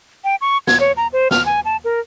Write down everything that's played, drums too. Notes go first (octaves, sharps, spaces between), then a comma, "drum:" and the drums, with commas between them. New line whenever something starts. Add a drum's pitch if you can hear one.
G5
C#6
G#6, drum: snare
C#5
A#5
C5
F6, drum: snare
G#5
A5
A#4